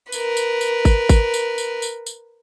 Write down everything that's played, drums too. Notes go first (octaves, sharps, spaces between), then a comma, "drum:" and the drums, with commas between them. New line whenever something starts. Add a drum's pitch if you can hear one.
A#4 B4, drum: tambourine
drum: tambourine
drum: tambourine
drum: kick G#1, tambourine
drum: kick G#1, tambourine
drum: tambourine
drum: tambourine
drum: tambourine
drum: tambourine